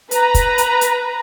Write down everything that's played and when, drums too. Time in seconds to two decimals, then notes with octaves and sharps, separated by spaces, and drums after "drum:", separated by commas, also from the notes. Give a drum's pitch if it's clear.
0.11 B4 A#5, drum: hi-hat
0.34 drum: kick, hi-hat
0.58 drum: hi-hat
0.81 drum: hi-hat